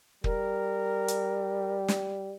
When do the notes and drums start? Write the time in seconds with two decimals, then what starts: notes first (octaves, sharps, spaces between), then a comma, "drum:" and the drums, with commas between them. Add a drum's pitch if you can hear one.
0.24 G3 A#4, drum: kick
1.08 drum: hi-hat
1.88 drum: snare